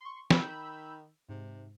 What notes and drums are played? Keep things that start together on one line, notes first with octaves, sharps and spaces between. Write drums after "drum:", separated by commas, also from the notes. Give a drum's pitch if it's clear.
C6 C#6
D#3 B5 E6 G6, drum: snare
G#2 C3